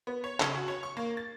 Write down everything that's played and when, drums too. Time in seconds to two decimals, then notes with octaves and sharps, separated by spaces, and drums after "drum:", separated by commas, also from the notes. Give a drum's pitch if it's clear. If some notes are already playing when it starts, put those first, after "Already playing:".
0.07 B3
0.24 C#5
0.40 C#3, drum: clap
0.54 F#4
0.68 C#5
0.83 C#6
0.97 A#3
1.17 A6